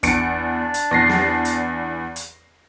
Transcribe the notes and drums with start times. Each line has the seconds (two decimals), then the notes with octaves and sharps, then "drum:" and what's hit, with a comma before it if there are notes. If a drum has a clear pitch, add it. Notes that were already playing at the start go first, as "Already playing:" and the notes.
0.03 E2 D4 C#7 D7, drum: kick, hi-hat
0.74 drum: hi-hat
0.91 E2 A#6 C7
1.09 drum: snare
1.45 drum: hi-hat
2.16 drum: hi-hat